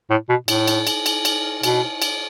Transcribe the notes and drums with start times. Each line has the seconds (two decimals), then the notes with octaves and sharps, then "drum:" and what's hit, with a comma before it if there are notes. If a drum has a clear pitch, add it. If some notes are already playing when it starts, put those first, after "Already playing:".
0.10 A2
0.29 B2
0.48 A2, drum: cymbal
0.67 drum: cymbal
0.87 drum: cymbal
1.06 drum: cymbal
1.25 drum: cymbal
1.63 B2, drum: cymbal
2.02 drum: cymbal